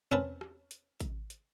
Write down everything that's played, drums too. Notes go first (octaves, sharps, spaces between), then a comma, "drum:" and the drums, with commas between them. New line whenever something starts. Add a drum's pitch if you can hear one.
C4 C#4 A#4 B4 A5, drum: tom E2
drum: rim click
drum: hi-hat
drum: kick, hi-hat
drum: hi-hat